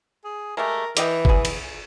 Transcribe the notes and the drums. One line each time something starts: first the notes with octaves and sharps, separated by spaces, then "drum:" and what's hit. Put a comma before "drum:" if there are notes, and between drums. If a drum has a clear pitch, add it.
G#4
G#3 A3 G4 A#4
E3 D5 D#5 G5, drum: hi-hat
B3 G#4, drum: kick
drum: cymbal